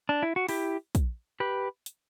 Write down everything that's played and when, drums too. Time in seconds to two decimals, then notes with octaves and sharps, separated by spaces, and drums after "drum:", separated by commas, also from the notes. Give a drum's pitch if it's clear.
0.09 D4
0.23 E4
0.36 F#4
0.49 E4 G4, drum: open hi-hat
0.95 drum: kick, hi-hat
1.40 G4 B4
1.86 drum: hi-hat